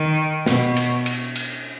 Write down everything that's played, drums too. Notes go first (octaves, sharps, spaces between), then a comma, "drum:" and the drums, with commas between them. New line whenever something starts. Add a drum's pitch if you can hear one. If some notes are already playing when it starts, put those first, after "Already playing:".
Already playing: D#3
B2, drum: snare
drum: cymbal
drum: cymbal
drum: cymbal